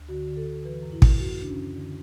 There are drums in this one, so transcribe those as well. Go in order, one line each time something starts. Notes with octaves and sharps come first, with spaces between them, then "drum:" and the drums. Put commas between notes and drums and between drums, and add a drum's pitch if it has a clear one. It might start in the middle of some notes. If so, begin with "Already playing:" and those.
Already playing: D2
D3 F#4
D3
A4
D3
E3 B4
F#2
E4
F#2, drum: kick
F#2 F#4
C#3 D4
C#4
F#2
D3